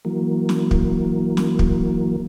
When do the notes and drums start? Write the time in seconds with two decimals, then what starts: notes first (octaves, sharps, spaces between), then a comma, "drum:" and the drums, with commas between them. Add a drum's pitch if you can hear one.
0.05 E3 F#3 A#3
0.49 drum: snare
0.71 drum: kick
1.37 drum: snare
1.59 drum: kick